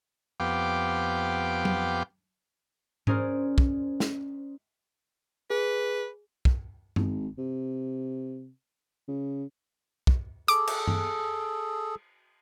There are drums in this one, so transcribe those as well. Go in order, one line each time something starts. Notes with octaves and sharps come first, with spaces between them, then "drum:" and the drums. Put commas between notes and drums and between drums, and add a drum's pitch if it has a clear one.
F2 B3 G4 F5 G5 D6
drum: tom F#3
C#4 G#4 A#4 C5 D5, drum: tom G#2
drum: kick
drum: snare
G#4 B4
drum: kick
G#1, drum: tom G2
C3
C#3
drum: kick
G#4 A4 D6, drum: hi-hat
drum: cymbal
drum: tom G2